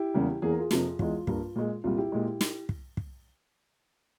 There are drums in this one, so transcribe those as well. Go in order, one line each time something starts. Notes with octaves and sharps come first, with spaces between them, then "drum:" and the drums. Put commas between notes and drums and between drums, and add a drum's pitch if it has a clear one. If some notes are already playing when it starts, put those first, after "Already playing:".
Already playing: E4 G4
E2 C#3 G3 A#3
E2 E3 A#3 G#4
A#4
F4 G#4
F2 C3 F3 A#3, drum: snare
E2 E3 G#3 F4, drum: kick
G2 G3 A#3, drum: kick
A#2 G#3
C2 A#2 G3 F4
E4 G4
A#2 G#3
drum: snare
drum: kick
drum: kick